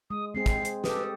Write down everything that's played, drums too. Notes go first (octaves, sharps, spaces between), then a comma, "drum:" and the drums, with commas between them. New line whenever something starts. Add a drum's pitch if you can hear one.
G#3 D#6
G#3 C4 G#4 C7
drum: kick, hi-hat
drum: hi-hat
G4 A4 B4 D#6, drum: snare